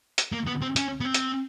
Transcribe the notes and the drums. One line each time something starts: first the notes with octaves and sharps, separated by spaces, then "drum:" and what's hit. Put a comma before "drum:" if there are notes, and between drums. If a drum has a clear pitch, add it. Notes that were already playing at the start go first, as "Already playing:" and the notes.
drum: hi-hat
A#3
B3
C4
C#4, drum: hi-hat
B3
C4
drum: hi-hat